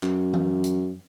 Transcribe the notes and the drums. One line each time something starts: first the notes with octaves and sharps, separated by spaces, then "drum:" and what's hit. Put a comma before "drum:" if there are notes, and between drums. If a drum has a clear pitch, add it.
F#2, drum: clap
drum: tom E3
drum: hi-hat